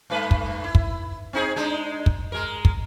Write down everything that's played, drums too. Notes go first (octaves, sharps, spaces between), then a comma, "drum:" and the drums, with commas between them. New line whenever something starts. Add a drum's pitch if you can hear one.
G2 A3 B4
drum: kick
E4
drum: kick
C4 D#4 G#4
G#3 D4 D#4
drum: kick
G#3 A#4
drum: kick